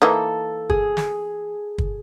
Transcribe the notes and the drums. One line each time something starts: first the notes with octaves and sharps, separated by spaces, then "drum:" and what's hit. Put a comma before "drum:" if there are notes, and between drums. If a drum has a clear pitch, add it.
E3 A#3 D#4 A4
G#4, drum: kick
drum: snare
drum: kick